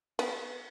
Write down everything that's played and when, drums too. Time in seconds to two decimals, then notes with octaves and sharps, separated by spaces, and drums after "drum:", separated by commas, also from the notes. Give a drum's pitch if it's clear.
0.19 B3, drum: cymbal